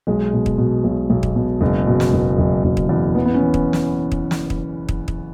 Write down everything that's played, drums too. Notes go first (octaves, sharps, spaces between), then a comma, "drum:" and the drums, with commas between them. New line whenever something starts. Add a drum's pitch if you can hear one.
B1 G#3
B2
drum: kick
B2
B1
B1
drum: kick
B2
F#1 G#3
B2
drum: snare
F#1
F#1
F#1
drum: kick
E2
E3 B3
B3
C#4
E3
drum: kick
drum: snare
drum: kick
drum: snare
drum: kick
drum: kick
drum: kick